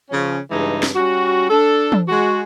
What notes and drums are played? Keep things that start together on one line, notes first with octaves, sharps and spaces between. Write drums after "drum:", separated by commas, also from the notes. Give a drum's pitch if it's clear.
C#3 F3 C#4
G2 C#3 E3 G#3 D#4
drum: snare
G3 C#4 F#4
D4 A4
drum: tom
G#3 F#4